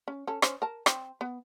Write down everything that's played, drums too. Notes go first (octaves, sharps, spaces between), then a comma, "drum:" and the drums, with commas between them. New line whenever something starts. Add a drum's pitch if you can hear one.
C#4
C#4 A4
C#4 C5, drum: rim click
A#4 A5
C4, drum: rim click
B3